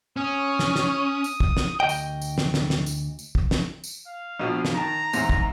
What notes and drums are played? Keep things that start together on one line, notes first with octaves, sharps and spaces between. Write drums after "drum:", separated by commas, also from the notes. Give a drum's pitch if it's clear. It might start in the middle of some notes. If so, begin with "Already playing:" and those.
C#4 D#6
drum: snare
drum: snare
drum: tambourine
drum: kick
drum: snare
D2 C#3 D#5 G5
drum: tambourine
drum: tambourine
drum: snare
drum: snare
drum: snare
drum: tambourine
drum: tambourine
drum: kick
drum: snare
drum: tambourine
F5
A#1 B2 F3
drum: snare
D#3 A5 A#5
E2 G#2 C3, drum: tambourine
drum: kick